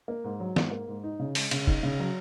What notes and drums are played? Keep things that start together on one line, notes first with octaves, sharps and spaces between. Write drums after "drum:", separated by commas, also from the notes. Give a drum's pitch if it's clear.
A#3
G#2
F#3
G#2, drum: snare
A#3
G#2
D#4
C#3
G#3, drum: open hi-hat
C#3, drum: cymbal
D#4, drum: kick
C#3
F#3